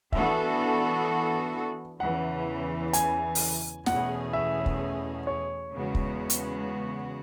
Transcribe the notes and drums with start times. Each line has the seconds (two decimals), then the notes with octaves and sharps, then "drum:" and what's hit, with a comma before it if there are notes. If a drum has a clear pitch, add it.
0.12 E3 B3 D4 F#4 A4 E5, drum: kick
2.00 E2 C#3 E3 F#5
2.93 G#5, drum: hi-hat
3.35 drum: open hi-hat
3.86 E2 B2 A3 C#4 G#4 F#5, drum: snare
4.33 E5
4.66 drum: kick
5.27 C#5
5.74 E2 C#3 G#3 B3 F#4
5.95 drum: kick
6.30 drum: hi-hat